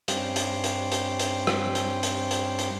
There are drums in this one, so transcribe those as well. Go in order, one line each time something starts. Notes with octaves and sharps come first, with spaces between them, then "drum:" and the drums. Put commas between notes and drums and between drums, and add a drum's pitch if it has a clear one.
G2 G3 C4 C#4 G5 C6, drum: hi-hat
drum: hi-hat
drum: hi-hat
drum: hi-hat
drum: hi-hat
drum: rim click
drum: hi-hat
drum: hi-hat
drum: hi-hat
drum: hi-hat